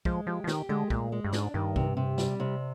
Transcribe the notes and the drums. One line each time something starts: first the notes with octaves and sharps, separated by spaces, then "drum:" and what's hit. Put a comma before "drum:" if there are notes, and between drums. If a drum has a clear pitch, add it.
F3 G#3, drum: kick
F3 G4
F3
D#3 G4, drum: snare
D3 G#3
A#2 G#3, drum: kick
G#3
G2
G#2 D4, drum: snare
G2 D#3
C3, drum: kick
C3
G3, drum: snare
C3